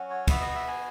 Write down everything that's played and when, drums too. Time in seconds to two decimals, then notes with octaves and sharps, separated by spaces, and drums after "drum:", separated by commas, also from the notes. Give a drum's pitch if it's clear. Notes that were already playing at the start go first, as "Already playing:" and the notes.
Already playing: F#3 C#4 F#4
0.10 C#5
0.28 B3 F#4 E5, drum: kick, cymbal
0.41 D#5
0.55 E5
0.68 G#5